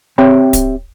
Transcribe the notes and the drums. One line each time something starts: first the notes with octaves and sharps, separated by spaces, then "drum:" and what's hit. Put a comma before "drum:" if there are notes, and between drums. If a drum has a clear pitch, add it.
C4 G4 C#5 E5 G5 B5
drum: kick D1, hi-hat